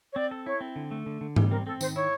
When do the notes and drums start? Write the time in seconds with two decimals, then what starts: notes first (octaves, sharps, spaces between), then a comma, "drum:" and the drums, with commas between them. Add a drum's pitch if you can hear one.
0.12 C#5
0.16 C4 D5
0.31 A4
0.46 E4 C#5
0.61 C4
0.76 D3
0.91 A3
1.06 D3
1.21 D3
1.36 G3, drum: tom G#2
1.51 C4 A#4
1.66 C4 A4
1.81 D#3 C5, drum: tambourine
1.95 E4 C#5